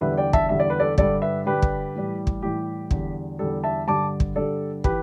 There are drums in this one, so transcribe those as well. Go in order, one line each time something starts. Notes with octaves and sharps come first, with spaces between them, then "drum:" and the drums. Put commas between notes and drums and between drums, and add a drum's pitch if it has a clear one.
E2 D3 G3 B4 E5
D5 G5
E5 A5, drum: kick
E2 D3 G3 E5
D5
B4
A4 D5
G2 D3 G3 A4 D5, drum: kick
B4 E5
G2 D3 G3 G4 B4
drum: kick
A2 E3 G3
drum: kick
A2 E3 G3 G4
E2 D3 G3, drum: kick
E2 D3 G3 A4
E5 A5
G2 D3 G3 A5 D6
drum: kick
G2 D3 G3 A4 D5
E3 G4 B4, drum: kick